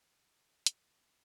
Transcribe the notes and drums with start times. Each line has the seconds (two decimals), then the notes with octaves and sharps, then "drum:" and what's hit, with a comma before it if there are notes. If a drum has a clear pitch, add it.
0.66 E3 D#4 B4 C5, drum: hi-hat